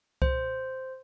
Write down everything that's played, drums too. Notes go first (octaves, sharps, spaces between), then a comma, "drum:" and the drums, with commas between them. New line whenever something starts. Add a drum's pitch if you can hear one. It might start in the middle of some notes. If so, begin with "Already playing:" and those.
C5, drum: kick C2